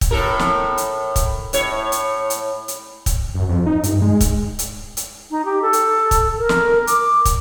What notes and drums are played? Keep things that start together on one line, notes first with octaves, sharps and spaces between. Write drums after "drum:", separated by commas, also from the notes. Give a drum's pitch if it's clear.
drum: kick, hi-hat
A2 A4 A#4
drum: snare
drum: hi-hat
drum: kick, hi-hat
A2 C#5, drum: hi-hat
drum: hi-hat
drum: hi-hat
drum: hi-hat
drum: kick, hi-hat
F#2
F2
D#4
G2, drum: hi-hat
G#3
drum: kick, hi-hat
drum: hi-hat
drum: hi-hat
D#4
G4
A4
drum: hi-hat
drum: kick, hi-hat
A#4
drum: snare
D6, drum: hi-hat
drum: kick, hi-hat